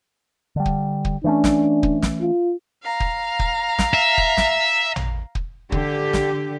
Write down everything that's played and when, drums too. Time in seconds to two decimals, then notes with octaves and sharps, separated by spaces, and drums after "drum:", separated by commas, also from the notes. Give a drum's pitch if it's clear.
0.56 D3 G3
0.66 drum: kick
1.05 drum: kick
1.24 E3 A3 C#4 D4
1.44 drum: snare
1.83 drum: kick
2.02 drum: snare
2.21 F4
2.82 F5 A#5
3.00 drum: kick
3.39 drum: kick
3.79 drum: snare
3.94 E5
4.18 drum: kick
4.37 drum: snare
4.96 drum: tom A1
5.35 drum: kick
5.72 D3 G4, drum: kick
6.13 drum: snare